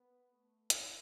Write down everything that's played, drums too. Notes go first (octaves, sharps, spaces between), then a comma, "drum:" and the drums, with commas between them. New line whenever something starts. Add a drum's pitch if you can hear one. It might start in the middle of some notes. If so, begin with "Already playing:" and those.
Already playing: B3
A3
drum: hi-hat